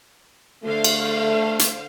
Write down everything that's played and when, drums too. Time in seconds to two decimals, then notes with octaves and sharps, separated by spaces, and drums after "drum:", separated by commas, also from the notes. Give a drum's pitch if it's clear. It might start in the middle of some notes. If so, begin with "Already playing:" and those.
0.64 D3 A3 C5 F5
0.84 drum: cymbal
1.59 drum: hi-hat